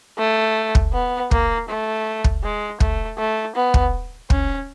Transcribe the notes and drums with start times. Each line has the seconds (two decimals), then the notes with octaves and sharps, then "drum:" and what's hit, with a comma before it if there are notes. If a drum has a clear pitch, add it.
0.18 A3
0.75 drum: kick
0.93 B3
1.31 A#3, drum: kick
1.68 A3
2.24 drum: kick
2.43 G#3
2.80 A3, drum: kick
3.18 A3
3.55 B3
3.74 drum: kick
4.30 C#4, drum: kick